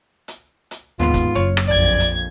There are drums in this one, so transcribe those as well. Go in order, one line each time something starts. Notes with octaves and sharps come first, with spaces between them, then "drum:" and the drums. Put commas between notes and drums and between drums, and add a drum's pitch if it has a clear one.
drum: hi-hat
drum: hi-hat
D1 D#2 G#2 B3 F4 C6
drum: kick, hi-hat
F#1 F#2 C#5 F5
drum: rim click
A#1 F2 D5 G#6
drum: hi-hat